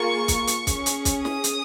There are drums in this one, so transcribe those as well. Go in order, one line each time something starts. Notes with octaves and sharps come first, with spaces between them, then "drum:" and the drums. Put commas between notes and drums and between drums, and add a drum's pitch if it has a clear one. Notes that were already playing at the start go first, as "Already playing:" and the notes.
Already playing: A#3 F4 G#4 C#6
drum: kick, hi-hat
drum: hi-hat
C#4 G#4, drum: kick, hi-hat
drum: hi-hat
drum: kick, hi-hat
D#6, drum: snare
drum: hi-hat